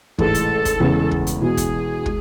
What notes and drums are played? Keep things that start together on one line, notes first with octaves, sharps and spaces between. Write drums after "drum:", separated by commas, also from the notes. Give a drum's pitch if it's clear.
A1 G#2 G#3 A4, drum: kick
drum: hi-hat
drum: kick, hi-hat
E2 C#3 G#3
drum: kick
drum: hi-hat
E2 B2 G#3 G#4
drum: kick, hi-hat
G#3, drum: kick